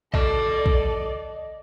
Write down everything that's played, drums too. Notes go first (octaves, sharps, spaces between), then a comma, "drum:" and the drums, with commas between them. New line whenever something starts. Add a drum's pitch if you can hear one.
A4 D5 D#5 A5, drum: kick
drum: kick